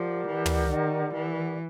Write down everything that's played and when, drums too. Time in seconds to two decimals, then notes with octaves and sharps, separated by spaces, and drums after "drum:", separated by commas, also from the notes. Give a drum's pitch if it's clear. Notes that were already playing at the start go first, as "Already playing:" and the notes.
Already playing: F3 G4 A#4 D5 F#5
0.27 E3
0.46 drum: tom
0.70 D#3
1.13 E3